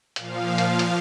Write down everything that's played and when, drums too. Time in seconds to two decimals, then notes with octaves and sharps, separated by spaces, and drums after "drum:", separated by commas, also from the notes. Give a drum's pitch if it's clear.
0.16 A#2 F3 F5, drum: hi-hat
0.58 drum: hi-hat
0.79 drum: hi-hat